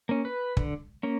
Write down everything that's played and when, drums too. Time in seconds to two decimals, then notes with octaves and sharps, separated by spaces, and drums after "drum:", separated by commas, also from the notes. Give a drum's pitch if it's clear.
0.09 A#3 C#4
0.25 B4
0.57 D3, drum: kick
1.03 A#3 C#4